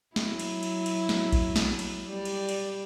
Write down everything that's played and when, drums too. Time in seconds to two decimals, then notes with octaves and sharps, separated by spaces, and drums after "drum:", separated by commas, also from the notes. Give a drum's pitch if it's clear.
0.16 F#3 E4, drum: snare
0.39 drum: cymbal
0.63 drum: cymbal
0.86 drum: cymbal
1.09 drum: snare
1.32 drum: kick A#1, cymbal
1.56 drum: snare
1.79 drum: cymbal
2.08 G3 D5
2.25 drum: cymbal
2.49 drum: cymbal